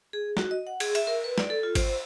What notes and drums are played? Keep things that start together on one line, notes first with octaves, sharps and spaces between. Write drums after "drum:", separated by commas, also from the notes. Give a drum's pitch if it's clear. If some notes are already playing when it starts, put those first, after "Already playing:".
G#4
F#4, drum: snare
D#5
F#5
G#4, drum: cymbal
E5, drum: cymbal
A#4
B4
D5, drum: snare
A4
F4
C5, drum: kick G#1, cymbal